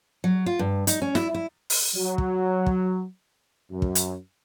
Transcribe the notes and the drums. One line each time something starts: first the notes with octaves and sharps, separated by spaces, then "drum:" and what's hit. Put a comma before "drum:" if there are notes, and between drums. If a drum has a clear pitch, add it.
F#3
F4
G2
D#4, drum: hi-hat
C#4
E4, drum: snare
E4
drum: open hi-hat
F#3
drum: kick
drum: kick
F#2
drum: kick
drum: hi-hat